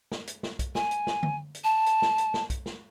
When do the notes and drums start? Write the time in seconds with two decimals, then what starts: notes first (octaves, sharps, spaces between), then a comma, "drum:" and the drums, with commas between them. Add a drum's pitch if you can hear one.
0.12 drum: snare
0.27 drum: hi-hat
0.43 drum: snare
0.59 drum: kick, hi-hat
0.75 G#5, drum: snare
0.91 drum: hi-hat
1.07 drum: snare
1.23 drum: tom D3
1.55 drum: hi-hat
1.64 A5
1.86 drum: hi-hat
2.02 drum: snare
2.18 drum: hi-hat
2.34 drum: snare
2.50 drum: kick, hi-hat
2.66 drum: snare